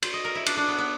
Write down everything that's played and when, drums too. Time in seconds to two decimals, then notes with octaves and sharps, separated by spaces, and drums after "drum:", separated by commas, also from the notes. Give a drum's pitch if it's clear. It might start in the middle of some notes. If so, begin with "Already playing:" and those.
0.02 C5, drum: cymbal
0.14 D#5
0.25 A#4
0.35 E4
0.46 D4, drum: cymbal
0.57 D4
0.68 B3
0.78 B3